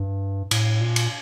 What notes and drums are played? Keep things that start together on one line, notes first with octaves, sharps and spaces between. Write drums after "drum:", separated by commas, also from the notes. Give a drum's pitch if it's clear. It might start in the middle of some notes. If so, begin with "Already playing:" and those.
Already playing: G2
A2, drum: cymbal
A#2
drum: cymbal